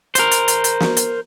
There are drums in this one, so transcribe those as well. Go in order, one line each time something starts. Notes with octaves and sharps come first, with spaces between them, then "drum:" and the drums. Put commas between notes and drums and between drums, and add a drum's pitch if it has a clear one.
A#4 C5, drum: hi-hat
drum: hi-hat
drum: hi-hat
drum: hi-hat
drum: snare
drum: hi-hat